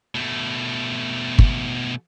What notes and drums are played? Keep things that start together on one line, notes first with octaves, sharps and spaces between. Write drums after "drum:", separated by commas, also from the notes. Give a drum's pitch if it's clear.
B2 A3
drum: kick